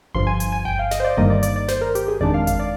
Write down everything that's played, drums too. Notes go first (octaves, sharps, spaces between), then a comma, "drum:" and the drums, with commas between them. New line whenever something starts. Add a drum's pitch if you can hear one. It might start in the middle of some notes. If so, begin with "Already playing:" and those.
G1 G2 F3 C6
G#5
G#5, drum: hi-hat
G#5
G5, drum: kick G1
F5
D#5, drum: snare
C5
D5
G1 G2 D#3 G3 A#3 D#5
D5
D5, drum: hi-hat
D5
C5, drum: snare
A#4
G4, drum: hi-hat
G#4
F2 D#3 G#3 D4 D5, drum: kick G1
F5
F5, drum: kick G1, hi-hat
D5